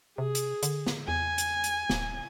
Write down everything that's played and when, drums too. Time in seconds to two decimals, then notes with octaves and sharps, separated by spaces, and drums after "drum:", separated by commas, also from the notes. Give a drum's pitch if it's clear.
0.18 C3 G#4
0.35 drum: hi-hat
0.63 D3, drum: hi-hat
0.86 drum: snare
1.08 E2 G#5
1.38 drum: hi-hat
1.64 drum: hi-hat
1.90 D1, drum: snare